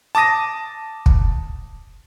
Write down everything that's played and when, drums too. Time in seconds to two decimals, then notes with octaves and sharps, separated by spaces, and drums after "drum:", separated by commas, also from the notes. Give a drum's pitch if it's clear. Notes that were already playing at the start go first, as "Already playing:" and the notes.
0.15 A5 D6 D#6 A#6 D#7
1.06 drum: kick